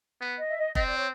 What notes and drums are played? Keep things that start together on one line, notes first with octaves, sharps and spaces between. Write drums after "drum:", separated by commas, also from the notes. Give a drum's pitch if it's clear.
B3
D#5
E5
D#5
C4 D#5, drum: kick F1
D5
C#5